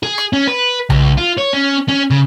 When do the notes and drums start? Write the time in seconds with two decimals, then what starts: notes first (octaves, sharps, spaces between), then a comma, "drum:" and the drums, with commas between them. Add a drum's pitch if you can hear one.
0.03 G#4
0.18 drum: rim click
0.33 C#4
0.48 B4
0.90 C#2, drum: tom B1
1.18 F4
1.38 C#5
1.54 C#4
1.89 C#4
2.10 C#3